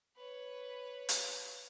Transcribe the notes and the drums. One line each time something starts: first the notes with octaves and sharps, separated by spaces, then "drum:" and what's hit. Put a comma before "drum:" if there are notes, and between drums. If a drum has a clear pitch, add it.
B4 C#5
drum: hi-hat